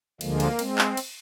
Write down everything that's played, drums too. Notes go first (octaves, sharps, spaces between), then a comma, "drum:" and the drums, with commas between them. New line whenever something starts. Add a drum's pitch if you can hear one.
D2 D3 F3 G#3 A#3, drum: cymbal
drum: cymbal
G#3 C4, drum: cymbal
drum: clap
drum: cymbal